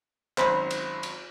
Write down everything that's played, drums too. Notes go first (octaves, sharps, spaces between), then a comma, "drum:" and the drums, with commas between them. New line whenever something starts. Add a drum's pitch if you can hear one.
G#1 F#2 C4 C5 B5, drum: clap
drum: cymbal
drum: cymbal